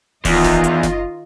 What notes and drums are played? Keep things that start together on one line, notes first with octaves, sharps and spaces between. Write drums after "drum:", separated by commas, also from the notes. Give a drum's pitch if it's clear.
E2 D#3 F4 D#5, drum: kick D1, open hi-hat
drum: snare F#1
drum: hi-hat
drum: snare F#1